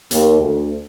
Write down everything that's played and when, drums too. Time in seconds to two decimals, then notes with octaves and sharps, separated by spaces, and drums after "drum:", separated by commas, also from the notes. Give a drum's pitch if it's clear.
0.11 D#2, drum: hi-hat
0.41 D2